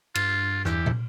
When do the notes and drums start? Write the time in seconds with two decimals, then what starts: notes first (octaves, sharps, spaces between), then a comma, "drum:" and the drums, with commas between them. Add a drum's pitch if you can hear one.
0.15 G2 F4, drum: cymbal
0.65 E2 G4, drum: rim click
0.86 drum: tom